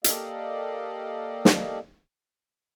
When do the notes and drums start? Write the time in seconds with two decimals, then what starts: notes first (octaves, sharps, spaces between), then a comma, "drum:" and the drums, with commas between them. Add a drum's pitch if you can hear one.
0.04 A#3 G4 A4 D5 D#5 F5, drum: hi-hat
1.45 drum: snare